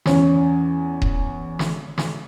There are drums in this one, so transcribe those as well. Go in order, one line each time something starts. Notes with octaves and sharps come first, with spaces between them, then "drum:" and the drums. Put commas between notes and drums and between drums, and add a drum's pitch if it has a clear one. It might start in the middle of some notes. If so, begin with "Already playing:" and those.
E2 C#4, drum: snare
drum: kick D#1
drum: snare
drum: snare